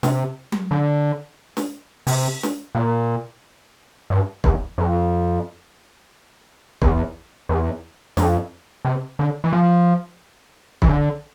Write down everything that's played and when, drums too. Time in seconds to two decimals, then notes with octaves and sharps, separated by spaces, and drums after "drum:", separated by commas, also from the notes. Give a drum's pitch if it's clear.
0.03 C3, drum: snare
0.52 drum: tom F#3
0.71 D3
1.57 drum: snare
2.07 C3, drum: open hi-hat
2.43 drum: snare
2.75 A#2
4.10 G2
4.44 E2, drum: kick
4.78 F2
6.82 E2, drum: kick
7.49 E2
8.17 F2, drum: snare
8.85 C3
9.19 D3
9.44 E3
9.53 F3
10.82 E3, drum: kick
10.89 D3